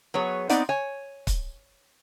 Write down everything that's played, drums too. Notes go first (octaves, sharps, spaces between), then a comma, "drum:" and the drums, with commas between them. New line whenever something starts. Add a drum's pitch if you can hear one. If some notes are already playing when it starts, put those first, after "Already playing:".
F#3 B3 G#4 C#5
B3 C4 D#4 D5 F#5, drum: hi-hat
C#5 G#5
drum: kick, hi-hat